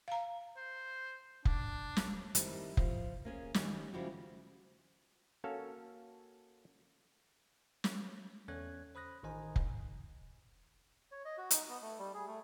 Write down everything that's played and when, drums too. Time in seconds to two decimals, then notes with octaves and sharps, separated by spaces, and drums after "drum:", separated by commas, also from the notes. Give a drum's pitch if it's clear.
0.08 F5 A#5
0.56 C5
1.45 D4, drum: kick F1
1.97 drum: snare
2.35 D#3 G3 C4 D#4 E4, drum: hi-hat
2.77 F3, drum: kick F1
3.25 A#3 C#4 G#4
3.54 D#3 G3 G#5, drum: snare
3.93 C#3 F3 G3 E4 F#4 G4
5.44 A#3 C#4 F#4 A4 F5
7.84 drum: snare
8.48 E2 C#4 A4 C#5 F#6 G#6
8.95 C5 B5 D#6 F#6 A#6
9.23 A1 D#3 C5 D#5 G#5 A#5
9.56 drum: kick F1
11.12 C#5
11.25 D#5
11.38 F#4
11.51 D#4, drum: hi-hat
11.69 B3
11.82 A3
11.99 G3
12.14 G#4
12.27 A3